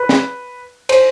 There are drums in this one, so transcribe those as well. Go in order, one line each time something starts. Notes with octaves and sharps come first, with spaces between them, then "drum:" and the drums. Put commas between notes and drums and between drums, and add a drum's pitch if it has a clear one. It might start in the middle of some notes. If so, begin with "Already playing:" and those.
Already playing: B4
drum: snare
C5, drum: cymbal